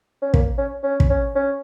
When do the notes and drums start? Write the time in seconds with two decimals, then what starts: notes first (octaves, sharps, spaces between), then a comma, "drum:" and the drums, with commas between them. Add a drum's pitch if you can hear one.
0.22 C#4
0.34 A#3, drum: kick
0.58 C#4
0.83 C#4
1.00 drum: kick
1.10 C#4
1.35 C#4